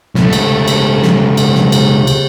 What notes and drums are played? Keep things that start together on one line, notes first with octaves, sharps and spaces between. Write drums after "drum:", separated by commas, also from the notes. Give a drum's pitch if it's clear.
C#2 A3, drum: snare
drum: cymbal
drum: cymbal
drum: snare
drum: cymbal
drum: snare
drum: cymbal
drum: cymbal